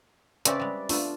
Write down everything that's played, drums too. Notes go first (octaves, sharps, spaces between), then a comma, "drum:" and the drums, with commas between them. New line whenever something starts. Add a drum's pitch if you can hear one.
C#3 C4 C#4 B4 D5 E5, drum: hi-hat
G3 G#3
A3 B3 D4 F4, drum: open hi-hat